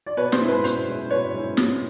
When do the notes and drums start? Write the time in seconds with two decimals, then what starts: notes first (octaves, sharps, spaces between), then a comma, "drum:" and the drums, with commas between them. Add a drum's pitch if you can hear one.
0.06 D5
0.17 B2 B4 C#5
0.32 C5, drum: snare
0.40 G#3 C#4 E4
0.48 B4
0.64 B2 C5, drum: hi-hat
0.88 G#3 C#4 E4
1.10 B2 B4 C#5
1.34 G#3 C#4 E4
1.57 B2, drum: snare